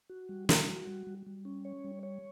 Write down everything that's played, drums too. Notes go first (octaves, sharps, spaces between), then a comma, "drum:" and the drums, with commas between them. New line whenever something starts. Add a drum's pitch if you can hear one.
F#4
G3
F#4, drum: snare
F#4
G3
G3
G3
C#4
C#5
G3
C#5